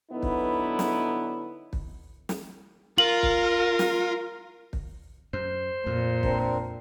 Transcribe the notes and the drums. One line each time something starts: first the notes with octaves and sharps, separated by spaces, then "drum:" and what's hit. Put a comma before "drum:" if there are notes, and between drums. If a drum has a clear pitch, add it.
D3 F#3 B3 D#4 E4 B4
drum: kick
drum: snare
drum: kick
drum: snare
F4 A#4 F#7
drum: kick
drum: snare
drum: kick
F#2 C5
F2 A#2
C4 D4 A#4, drum: kick